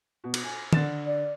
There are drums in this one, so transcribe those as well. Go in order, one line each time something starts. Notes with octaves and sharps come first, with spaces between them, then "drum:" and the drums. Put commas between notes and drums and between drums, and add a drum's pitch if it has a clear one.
B2
drum: cymbal
G#5
D3 A6 E7, drum: tom D#3
D5